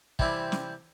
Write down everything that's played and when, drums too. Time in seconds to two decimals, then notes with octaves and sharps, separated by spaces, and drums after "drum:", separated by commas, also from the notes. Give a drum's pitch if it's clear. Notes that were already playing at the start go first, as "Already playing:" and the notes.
0.19 C3 E3 G3 C4 E4, drum: kick
0.52 drum: snare